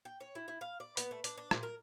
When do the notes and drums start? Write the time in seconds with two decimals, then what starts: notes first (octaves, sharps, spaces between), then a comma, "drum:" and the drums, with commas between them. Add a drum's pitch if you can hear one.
0.05 G5
0.20 C#5
0.35 E4
0.48 E4
0.61 F5
0.80 D5
0.97 B3, drum: hi-hat
1.11 A3
1.24 D4, drum: hi-hat
1.37 D4
1.51 A#2, drum: rim click
1.63 A#4